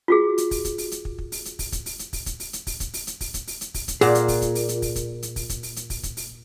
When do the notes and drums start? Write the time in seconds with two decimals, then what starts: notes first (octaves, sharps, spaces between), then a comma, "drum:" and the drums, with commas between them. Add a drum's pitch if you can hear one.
0.08 F4 F#4 G#4
0.38 drum: hi-hat
0.51 drum: kick, open hi-hat
0.65 drum: kick, hi-hat
0.78 drum: open hi-hat
0.92 drum: hi-hat
1.05 drum: kick
1.18 drum: kick
1.32 drum: open hi-hat
1.45 drum: hi-hat
1.59 drum: kick, open hi-hat
1.72 drum: kick, hi-hat
1.86 drum: open hi-hat
1.99 drum: hi-hat
2.13 drum: kick, open hi-hat
2.26 drum: kick, hi-hat
2.40 drum: open hi-hat
2.53 drum: hi-hat
2.67 drum: kick, open hi-hat
2.80 drum: kick, hi-hat
2.94 drum: open hi-hat
3.07 drum: hi-hat
3.21 drum: kick, open hi-hat
3.34 drum: kick, hi-hat
3.47 drum: open hi-hat
3.61 drum: hi-hat
3.74 drum: kick, open hi-hat
3.88 drum: kick, hi-hat
4.01 A#2 G#4 F#5, drum: open hi-hat
4.15 drum: hi-hat
4.28 drum: kick, open hi-hat
4.42 drum: kick, hi-hat
4.55 drum: open hi-hat
4.69 drum: hi-hat
4.82 drum: kick, open hi-hat
4.96 drum: kick, hi-hat
5.23 drum: hi-hat
5.36 drum: kick, open hi-hat
5.49 drum: kick, hi-hat
5.63 drum: open hi-hat
5.76 drum: hi-hat
5.90 drum: kick, open hi-hat
6.03 drum: kick, hi-hat
6.17 drum: open hi-hat